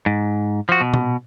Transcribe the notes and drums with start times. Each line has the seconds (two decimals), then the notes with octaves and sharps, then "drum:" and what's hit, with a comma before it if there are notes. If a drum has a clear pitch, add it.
0.06 G#2
0.69 F3 F#4
0.81 B2
0.94 drum: tom A#2